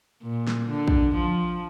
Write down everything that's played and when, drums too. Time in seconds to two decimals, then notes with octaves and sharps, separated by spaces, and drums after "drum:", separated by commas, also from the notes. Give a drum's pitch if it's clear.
0.23 A#2
0.47 drum: snare
0.69 D3
0.88 drum: kick
1.15 F3